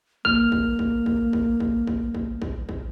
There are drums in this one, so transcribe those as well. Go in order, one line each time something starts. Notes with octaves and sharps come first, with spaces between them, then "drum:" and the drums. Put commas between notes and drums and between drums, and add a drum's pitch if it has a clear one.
A#3 F6, drum: kick
drum: kick
drum: kick
drum: kick
drum: kick
drum: kick
drum: kick
drum: kick
drum: kick
drum: kick